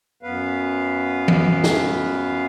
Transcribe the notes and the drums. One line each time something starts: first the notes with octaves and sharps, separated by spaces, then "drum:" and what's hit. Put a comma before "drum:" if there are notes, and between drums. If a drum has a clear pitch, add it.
F#2 B3 B4 F5
drum: tom E3
drum: snare